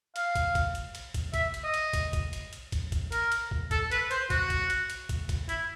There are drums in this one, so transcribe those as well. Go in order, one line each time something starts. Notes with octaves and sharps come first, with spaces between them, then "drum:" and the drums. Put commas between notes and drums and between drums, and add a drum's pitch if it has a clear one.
F5, drum: hi-hat
drum: kick, hi-hat
drum: kick, hi-hat
drum: hi-hat
drum: hi-hat
drum: kick, hi-hat
E5, drum: kick, hi-hat
drum: hi-hat
D#5
drum: hi-hat
drum: kick, hi-hat
drum: kick, hi-hat
drum: hi-hat
drum: hi-hat
drum: kick, hi-hat
drum: kick, hi-hat
A#4, drum: hi-hat
drum: hi-hat
drum: kick
A4, drum: kick, hi-hat
B4, drum: hi-hat
C5, drum: hi-hat
F#4, drum: kick, hi-hat
drum: kick, hi-hat
drum: hi-hat
drum: hi-hat
drum: kick, hi-hat
drum: kick, hi-hat
E4, drum: hi-hat